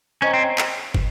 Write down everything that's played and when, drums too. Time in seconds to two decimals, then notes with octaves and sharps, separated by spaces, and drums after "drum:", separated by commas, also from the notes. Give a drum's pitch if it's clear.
0.22 C#4 C5 D#5 G5 A#5 C#6
0.34 C4
0.58 drum: clap
0.95 drum: kick